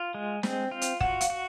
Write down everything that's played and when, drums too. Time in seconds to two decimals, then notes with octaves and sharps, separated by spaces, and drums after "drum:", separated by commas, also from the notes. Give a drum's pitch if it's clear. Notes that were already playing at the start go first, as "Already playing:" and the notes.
Already playing: F4
0.14 G#3
0.43 C4, drum: snare
0.71 F4
0.82 drum: hi-hat
1.01 F#4 F#5, drum: kick
1.21 F5, drum: hi-hat
1.30 F#4